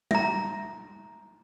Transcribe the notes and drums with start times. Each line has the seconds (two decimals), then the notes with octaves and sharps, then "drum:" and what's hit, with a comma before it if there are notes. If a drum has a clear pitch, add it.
0.11 E5 A#5, drum: tom G3